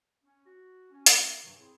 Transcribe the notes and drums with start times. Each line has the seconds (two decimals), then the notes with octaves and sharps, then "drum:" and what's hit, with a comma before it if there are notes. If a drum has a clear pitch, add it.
0.22 C#4
0.45 F#4
0.90 C#4
1.06 A#3 D4 F#4, drum: hi-hat
1.44 G2 C3 D#3 E3 F#3
1.58 C4 E4 G#4